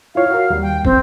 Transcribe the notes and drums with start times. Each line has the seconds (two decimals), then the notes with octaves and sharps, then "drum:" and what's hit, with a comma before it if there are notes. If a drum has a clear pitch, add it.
0.15 E4 F4 C#5 F5
0.31 F#4 A#4
0.50 D#2 G3
0.62 G5
0.85 C4, drum: kick